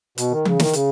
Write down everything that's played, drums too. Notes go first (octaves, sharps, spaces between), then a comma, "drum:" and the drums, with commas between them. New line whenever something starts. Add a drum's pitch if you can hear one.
B2, drum: hi-hat
D#3
C#3, drum: tom E3
D#3, drum: snare
C#3, drum: hi-hat